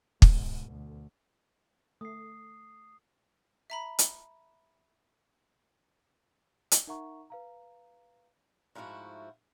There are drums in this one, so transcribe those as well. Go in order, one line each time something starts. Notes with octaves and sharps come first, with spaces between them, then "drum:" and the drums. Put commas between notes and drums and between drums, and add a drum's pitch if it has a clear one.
G#2 B2, drum: kick
D2
A3 D#6 C7
E5 A#5 B5
drum: hi-hat
drum: hi-hat
D#4 A#4 E5 F#5 A#5 C#6
B4 F5 A#5
G#2 F3 A3 E4 F#4